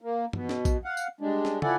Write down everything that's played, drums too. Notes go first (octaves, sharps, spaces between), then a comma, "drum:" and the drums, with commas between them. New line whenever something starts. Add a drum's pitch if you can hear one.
A#3
B2, drum: tom
drum: snare
drum: kick, tambourine
F5 F#5
drum: tambourine
G3 G#3 D4
drum: snare
F3 E4 A4 D5 F#5 G#5, drum: tom